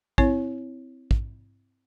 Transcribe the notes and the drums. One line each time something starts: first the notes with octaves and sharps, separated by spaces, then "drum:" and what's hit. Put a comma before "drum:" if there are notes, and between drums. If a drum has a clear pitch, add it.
C4 E4 C#5, drum: kick
drum: kick